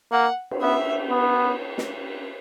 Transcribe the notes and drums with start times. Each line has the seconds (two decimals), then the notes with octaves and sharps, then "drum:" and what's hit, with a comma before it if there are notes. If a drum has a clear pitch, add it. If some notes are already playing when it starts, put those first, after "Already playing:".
0.12 A#3 F#5
0.51 drum: cymbal
0.61 B3 E5
1.10 B3
1.78 drum: snare